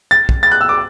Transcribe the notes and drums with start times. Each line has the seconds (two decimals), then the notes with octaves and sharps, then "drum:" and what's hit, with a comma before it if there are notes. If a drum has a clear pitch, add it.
0.11 A6
0.29 drum: kick
0.43 A6
0.52 F#6
0.61 E6
0.69 D6